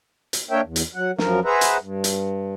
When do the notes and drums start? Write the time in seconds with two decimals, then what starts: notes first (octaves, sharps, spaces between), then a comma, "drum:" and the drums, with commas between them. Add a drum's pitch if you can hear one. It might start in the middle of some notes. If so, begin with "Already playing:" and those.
0.33 drum: hi-hat
0.51 A#3 D4 A#4 C#5 E5 G5
0.64 E2
0.76 drum: hi-hat
0.94 F#3 F#5
1.18 F#2 F3 A#4, drum: snare
1.45 G#4 B4 C5 E5 F#5 A#5
1.61 drum: hi-hat
1.79 G2
2.04 drum: hi-hat